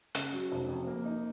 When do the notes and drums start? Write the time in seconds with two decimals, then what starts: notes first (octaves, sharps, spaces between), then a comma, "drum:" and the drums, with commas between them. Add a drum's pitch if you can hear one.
0.15 C#3, drum: hi-hat
0.33 F#3
0.51 F1
0.68 F2
0.87 A#3
1.05 D#4